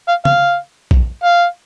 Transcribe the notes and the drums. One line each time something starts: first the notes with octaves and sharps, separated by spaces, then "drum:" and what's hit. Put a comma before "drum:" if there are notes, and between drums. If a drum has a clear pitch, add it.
F5
F5, drum: tom
drum: kick
F5